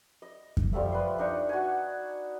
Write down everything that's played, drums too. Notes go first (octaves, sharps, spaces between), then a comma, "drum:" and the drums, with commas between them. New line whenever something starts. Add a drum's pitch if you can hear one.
D#5
drum: kick F#2
F3 G3 A3 E5
B4 C6
D4 D#4 C#6
F#4 G#5